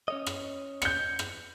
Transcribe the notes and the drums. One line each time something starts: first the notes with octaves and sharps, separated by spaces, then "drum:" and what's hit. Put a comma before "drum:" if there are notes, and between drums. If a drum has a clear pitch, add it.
C#4 C#5 D#5
drum: rim click
G6 C#7, drum: rim click
drum: rim click